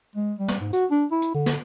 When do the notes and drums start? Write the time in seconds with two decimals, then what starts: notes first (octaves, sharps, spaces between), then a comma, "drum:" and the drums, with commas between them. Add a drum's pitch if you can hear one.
0.16 G#3
0.39 G3
0.48 drum: snare
0.60 G#2
0.73 F#4, drum: hi-hat
0.91 D4
1.12 E4
1.22 drum: hi-hat
1.35 D3
1.46 drum: snare